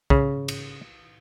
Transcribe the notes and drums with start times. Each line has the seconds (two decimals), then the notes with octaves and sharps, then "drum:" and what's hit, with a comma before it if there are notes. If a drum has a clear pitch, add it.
0.10 C#3, drum: kick
0.48 drum: cymbal